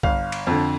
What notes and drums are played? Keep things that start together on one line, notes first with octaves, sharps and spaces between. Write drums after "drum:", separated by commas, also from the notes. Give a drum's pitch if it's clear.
G1 F5, drum: kick
drum: cymbal
F2 D3